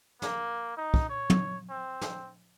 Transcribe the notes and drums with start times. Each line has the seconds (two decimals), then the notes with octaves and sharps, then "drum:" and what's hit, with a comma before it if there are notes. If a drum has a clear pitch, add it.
0.22 A#3, drum: snare
0.77 D#4
0.94 drum: kick
1.10 C#5
1.30 drum: tom
1.70 C4
2.01 drum: snare